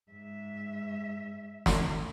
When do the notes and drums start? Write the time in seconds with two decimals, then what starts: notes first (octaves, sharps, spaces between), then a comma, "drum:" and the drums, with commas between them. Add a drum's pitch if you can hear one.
0.11 G#2 E5
1.66 drum: snare